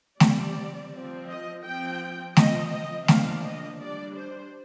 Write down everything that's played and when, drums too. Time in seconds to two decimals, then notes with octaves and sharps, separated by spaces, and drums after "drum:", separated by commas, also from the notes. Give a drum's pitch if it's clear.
0.20 G3 C4 D5, drum: snare A3
0.92 F3 C4
1.28 D#5
1.64 F3 C4 G5
2.37 F3 C4 D#5, drum: snare A3
2.73 D#5
3.08 F3 A#3 D4 F5, drum: snare A3
3.45 D#5
3.80 G3 D4 D5
4.16 C5